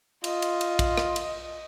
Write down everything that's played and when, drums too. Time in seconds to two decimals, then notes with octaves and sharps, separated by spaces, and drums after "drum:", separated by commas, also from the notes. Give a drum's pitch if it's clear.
0.24 F4 D#5, drum: cymbal
0.42 drum: cymbal
0.61 drum: cymbal
0.79 drum: kick, cymbal
0.98 drum: rim click
1.16 drum: cymbal